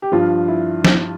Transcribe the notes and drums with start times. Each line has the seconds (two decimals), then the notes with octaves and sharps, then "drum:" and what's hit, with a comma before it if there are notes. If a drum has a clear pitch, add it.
0.02 G4
0.12 G2 F3 F4
0.48 E4
0.84 drum: snare